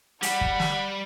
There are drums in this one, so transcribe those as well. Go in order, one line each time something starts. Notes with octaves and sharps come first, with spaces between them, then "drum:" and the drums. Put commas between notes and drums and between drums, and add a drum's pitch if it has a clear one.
G3 F#5 B5, drum: hi-hat
drum: kick
drum: snare